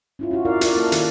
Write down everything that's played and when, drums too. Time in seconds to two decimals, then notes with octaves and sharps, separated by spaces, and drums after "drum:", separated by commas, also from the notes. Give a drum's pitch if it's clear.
0.19 C#4 E4 F4
0.31 F4 F#4
0.45 E4 A#4 D5 F5
0.61 F4 A#4 D5, drum: hi-hat
0.77 A#3 A4
0.92 D#3, drum: hi-hat